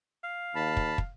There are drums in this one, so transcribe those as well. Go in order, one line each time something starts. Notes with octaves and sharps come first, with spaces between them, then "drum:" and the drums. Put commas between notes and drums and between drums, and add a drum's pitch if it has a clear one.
F5
D#2 A5 B5
drum: kick
drum: kick